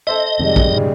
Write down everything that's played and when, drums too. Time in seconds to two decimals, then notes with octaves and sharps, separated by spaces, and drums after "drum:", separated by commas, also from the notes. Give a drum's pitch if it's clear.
0.07 A4 C5 D#5 E5
0.39 F2 C3 D#3 G3 G#3
0.56 drum: kick
0.73 E1 G#2 C#3